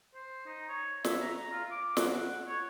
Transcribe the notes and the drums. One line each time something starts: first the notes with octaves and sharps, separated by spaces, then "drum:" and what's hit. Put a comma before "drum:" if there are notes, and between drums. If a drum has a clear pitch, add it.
C5
D#4
C#5
E5, drum: snare
A#5
F4
D6
F#5, drum: snare
F#5
C#5